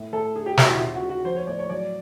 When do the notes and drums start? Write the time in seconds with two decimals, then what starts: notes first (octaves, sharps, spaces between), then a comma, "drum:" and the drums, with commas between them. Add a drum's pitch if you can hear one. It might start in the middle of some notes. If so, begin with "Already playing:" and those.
Already playing: A2
0.13 A2 A4
0.34 D3 G#4
0.46 G4
0.57 D#2 F#4, drum: snare
0.68 E4
0.80 C#3 F4
0.95 F#4
1.02 G#3
1.09 F#4
1.25 F3 C5
1.36 C#5
1.47 A2 D5
1.59 C#5
1.69 F#3 D5